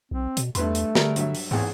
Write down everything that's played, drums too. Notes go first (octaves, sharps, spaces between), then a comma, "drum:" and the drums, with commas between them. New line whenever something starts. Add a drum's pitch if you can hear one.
B1 C4
B2, drum: hi-hat
E2 G2 A3 B4 C6, drum: hi-hat
drum: hi-hat
D3 G3 G#4 A#4, drum: snare
G2 F#3 E5, drum: hi-hat
drum: open hi-hat
A1 E2 G#2 G#4